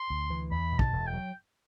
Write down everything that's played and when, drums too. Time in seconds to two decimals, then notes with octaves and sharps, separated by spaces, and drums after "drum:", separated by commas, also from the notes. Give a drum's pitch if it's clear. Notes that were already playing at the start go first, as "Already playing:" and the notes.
Already playing: C6
0.10 D2
0.30 E3
0.51 E2 B5
0.72 B2
0.79 A5, drum: kick
0.93 E1
1.07 G5
1.14 F#3